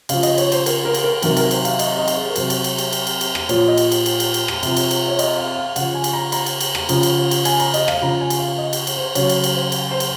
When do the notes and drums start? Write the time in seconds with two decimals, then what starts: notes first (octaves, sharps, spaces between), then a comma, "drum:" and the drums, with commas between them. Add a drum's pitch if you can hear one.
0.09 C#3 F3 F5, drum: cymbal
0.23 D#5, drum: cymbal
0.38 C#5, drum: cymbal
0.52 C5, drum: cymbal
0.66 A#4, drum: cymbal
0.85 A#4
0.94 drum: cymbal
1.04 A#4
1.22 C3 D#3 F#3 A#4, drum: cymbal
1.37 A#4, drum: cymbal
1.51 C5, drum: cymbal
1.65 F5, drum: cymbal
1.79 D#5, drum: cymbal
1.99 D#5
2.08 drum: cymbal
2.17 G#4
2.30 A#4
2.36 C3 F#3 C5, drum: cymbal
2.50 drum: cymbal
2.64 drum: cymbal
2.78 drum: cymbal
2.93 drum: cymbal
3.07 drum: cymbal
3.21 drum: cymbal
3.35 drum: rim click
3.49 A#2 F3 C#5, drum: cymbal
3.68 D#5
3.77 drum: cymbal
3.92 drum: cymbal
4.06 drum: cymbal
4.20 drum: cymbal
4.34 drum: cymbal
4.48 drum: rim click
4.63 C3 F3, drum: cymbal
4.77 drum: cymbal
4.91 drum: cymbal
5.08 C#5
5.19 D#5, drum: cymbal
5.38 F5
5.57 F5
5.76 C#3 F3 F#5, drum: cymbal
5.95 G#5
6.04 drum: cymbal
6.13 A#5
6.32 A#5, drum: cymbal
6.46 drum: cymbal
6.61 drum: cymbal
6.75 drum: rim click
6.89 C#3 F3, drum: cymbal
7.03 drum: cymbal
7.31 drum: cymbal
7.45 G#5, drum: cymbal
7.60 A#5, drum: cymbal
7.74 D#5, drum: cymbal
7.88 F5, drum: rim click
8.01 C#3 F3 A#5
8.21 G#5
8.30 drum: cymbal
8.40 F5
8.58 D#5
8.73 drum: cymbal
8.87 drum: cymbal
8.96 C5
9.15 C#3 F#3 C#5, drum: cymbal
9.29 drum: cymbal
9.44 drum: cymbal
9.53 C5
9.72 drum: cymbal
9.91 C5
10.00 drum: cymbal